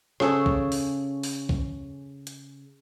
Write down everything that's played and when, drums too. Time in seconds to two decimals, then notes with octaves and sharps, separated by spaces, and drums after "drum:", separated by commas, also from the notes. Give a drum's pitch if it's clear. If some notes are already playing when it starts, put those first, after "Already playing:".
0.20 C#3 G#4 A4 C#5, drum: rim click
0.46 drum: kick
0.72 drum: open hi-hat
1.23 drum: open hi-hat
1.49 drum: kick
2.27 drum: hi-hat